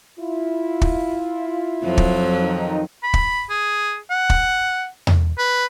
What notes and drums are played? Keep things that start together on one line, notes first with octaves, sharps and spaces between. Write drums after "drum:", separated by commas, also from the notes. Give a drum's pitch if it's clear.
E4 F4
drum: kick
F2 F3 F#3
drum: kick
D#3 D#4
B5
drum: kick
G#4
F#5
drum: kick
drum: tom E2
B4